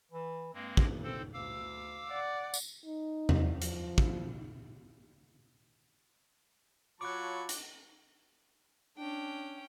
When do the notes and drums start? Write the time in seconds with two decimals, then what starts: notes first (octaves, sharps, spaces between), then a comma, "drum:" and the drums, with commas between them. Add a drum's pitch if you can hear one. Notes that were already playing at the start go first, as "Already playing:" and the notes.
0.12 E3
0.54 G2 G#3 A#3 C4
0.77 drum: kick
1.03 C4 A4 C5
1.33 D2 F5 D6 E6
2.09 D5 F#5
2.54 drum: tambourine
2.85 D#4
3.29 drum: tom E2
3.62 F3, drum: hi-hat
3.98 drum: kick
7.01 F#3 F4 C#5 A5 B5 C#6 D6 F#6
7.49 drum: hi-hat
8.98 C#4 D4 G5